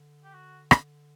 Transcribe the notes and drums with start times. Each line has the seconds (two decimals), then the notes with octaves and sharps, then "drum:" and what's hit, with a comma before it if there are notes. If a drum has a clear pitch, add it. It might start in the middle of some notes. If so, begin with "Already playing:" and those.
Already playing: D3
0.24 G4
0.33 F#4
0.71 drum: rim click